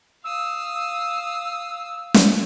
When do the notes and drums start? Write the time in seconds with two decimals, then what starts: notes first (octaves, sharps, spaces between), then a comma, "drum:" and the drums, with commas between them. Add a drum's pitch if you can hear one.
0.24 F5 D#6 E6
2.14 drum: snare